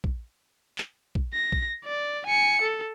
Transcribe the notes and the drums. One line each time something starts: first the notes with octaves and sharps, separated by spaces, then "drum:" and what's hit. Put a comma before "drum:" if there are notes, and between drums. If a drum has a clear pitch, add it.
drum: kick
drum: clap
drum: kick
A#6
drum: kick
D5
G#5 C#7
A4